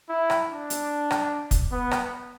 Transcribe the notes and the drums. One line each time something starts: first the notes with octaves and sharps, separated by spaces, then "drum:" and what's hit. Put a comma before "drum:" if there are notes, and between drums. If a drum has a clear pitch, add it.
E4
drum: rim click
D4
drum: hi-hat
drum: rim click
drum: kick, hi-hat
B3
drum: rim click